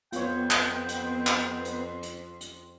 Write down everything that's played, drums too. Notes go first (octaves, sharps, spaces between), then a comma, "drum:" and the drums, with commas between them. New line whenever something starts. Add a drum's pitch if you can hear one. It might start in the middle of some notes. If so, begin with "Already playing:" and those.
F2 B3 C4 F4 C#5 G5, drum: hi-hat
drum: clap
drum: hi-hat
drum: clap
drum: hi-hat
drum: hi-hat
drum: hi-hat